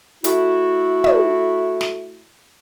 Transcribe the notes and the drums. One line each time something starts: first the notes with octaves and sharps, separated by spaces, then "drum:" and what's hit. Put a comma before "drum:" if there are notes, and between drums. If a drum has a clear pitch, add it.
A3 E4 F#4, drum: hi-hat
drum: tom
drum: snare